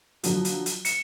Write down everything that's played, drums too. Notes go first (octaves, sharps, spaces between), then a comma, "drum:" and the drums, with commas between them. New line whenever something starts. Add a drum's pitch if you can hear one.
D3 F3 F#3, drum: hi-hat
drum: hi-hat
drum: hi-hat
C#7 E7, drum: hi-hat